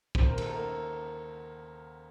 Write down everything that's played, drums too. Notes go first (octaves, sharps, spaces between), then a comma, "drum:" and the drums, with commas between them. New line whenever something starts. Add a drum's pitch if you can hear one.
D#2 C5, drum: kick
A#4
A4, drum: cymbal
A#4
A#3